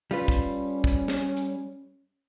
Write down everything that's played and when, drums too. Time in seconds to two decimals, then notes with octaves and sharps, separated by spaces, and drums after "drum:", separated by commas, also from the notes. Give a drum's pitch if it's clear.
0.11 G3 C#4 F4 B4, drum: open hi-hat
0.28 drum: kick
0.84 drum: kick
1.08 drum: snare
1.37 drum: hi-hat